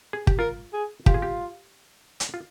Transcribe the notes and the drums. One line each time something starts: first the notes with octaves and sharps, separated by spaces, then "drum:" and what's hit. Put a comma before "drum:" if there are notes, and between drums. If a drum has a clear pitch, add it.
G#4
G4, drum: kick
F4 A#4
G#4
F4 G4, drum: kick
G#4
G4
drum: hi-hat
F4